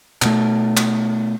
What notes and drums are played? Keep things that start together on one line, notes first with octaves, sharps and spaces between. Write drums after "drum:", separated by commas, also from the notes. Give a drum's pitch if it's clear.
B2 A3, drum: clap
drum: clap